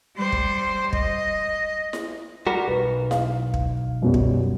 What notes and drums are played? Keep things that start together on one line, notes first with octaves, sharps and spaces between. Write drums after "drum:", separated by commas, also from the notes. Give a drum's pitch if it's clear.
G3 C5
drum: kick
D#5, drum: kick
drum: snare E4
G3 F#4 A#4
B1 B4
F5, drum: snare E4
drum: kick
F#2 B2 G3
drum: kick